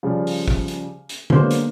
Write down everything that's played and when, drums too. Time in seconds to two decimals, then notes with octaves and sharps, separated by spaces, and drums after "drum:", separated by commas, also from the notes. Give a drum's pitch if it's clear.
0.03 C#3 F3 G3
0.27 drum: open hi-hat
0.48 drum: kick
0.68 drum: hi-hat
1.09 drum: hi-hat
1.30 D3 F#3 G#3 A#3 B3 C5, drum: tom
1.51 drum: hi-hat